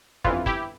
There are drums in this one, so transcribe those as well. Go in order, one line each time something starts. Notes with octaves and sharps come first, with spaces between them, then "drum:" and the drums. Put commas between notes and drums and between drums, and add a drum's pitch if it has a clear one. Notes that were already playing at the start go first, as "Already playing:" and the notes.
G1 F2 E3 F4, drum: kick
E4 G4, drum: kick